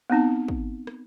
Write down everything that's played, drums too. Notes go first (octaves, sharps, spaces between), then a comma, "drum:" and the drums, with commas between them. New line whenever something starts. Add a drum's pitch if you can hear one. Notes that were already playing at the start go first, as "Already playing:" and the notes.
B3 C4 D#4 A5
drum: kick
drum: rim click